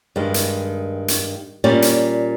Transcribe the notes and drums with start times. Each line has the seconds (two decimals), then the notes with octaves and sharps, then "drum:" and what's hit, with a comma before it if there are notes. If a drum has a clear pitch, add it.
0.16 G2 D#3 G#3
0.34 drum: hi-hat
1.08 drum: hi-hat
1.64 A#2 G3 C#4
1.82 drum: hi-hat